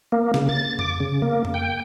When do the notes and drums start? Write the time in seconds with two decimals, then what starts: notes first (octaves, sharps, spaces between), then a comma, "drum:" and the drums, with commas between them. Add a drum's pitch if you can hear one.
0.12 A#3
0.34 C#3, drum: snare
0.49 A6
0.79 D6, drum: tom F2
1.00 C#3
1.22 A#3
1.45 drum: tom F2
1.54 G5